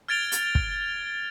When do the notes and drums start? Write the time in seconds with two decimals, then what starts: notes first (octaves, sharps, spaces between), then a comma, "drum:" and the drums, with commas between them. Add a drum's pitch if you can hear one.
0.08 F6 G#6 A6 D7 F7 G7
0.32 drum: hi-hat
0.55 drum: kick